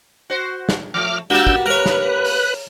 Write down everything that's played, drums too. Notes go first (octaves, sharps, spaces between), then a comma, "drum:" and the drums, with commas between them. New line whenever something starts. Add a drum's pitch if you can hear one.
F#4 C5
drum: snare
F3 A3 D6 F6
A#3 B3 D4 F#4 G4 A5 E6 G6
drum: kick
A#4 B4 C#5 F#6
drum: snare
drum: open hi-hat